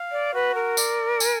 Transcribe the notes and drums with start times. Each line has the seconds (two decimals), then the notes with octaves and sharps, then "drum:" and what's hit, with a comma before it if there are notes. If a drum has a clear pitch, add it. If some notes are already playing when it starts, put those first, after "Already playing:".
Already playing: F5
0.12 D5
0.33 F#4 B4
0.55 A#4
0.77 D5, drum: tambourine
1.20 G#5, drum: tambourine